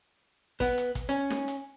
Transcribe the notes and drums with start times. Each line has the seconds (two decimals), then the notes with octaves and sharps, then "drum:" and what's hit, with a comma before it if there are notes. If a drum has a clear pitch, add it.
0.60 B3, drum: kick, open hi-hat
0.78 drum: hi-hat
0.95 drum: kick, hi-hat
1.09 C#4
1.30 drum: snare
1.48 drum: hi-hat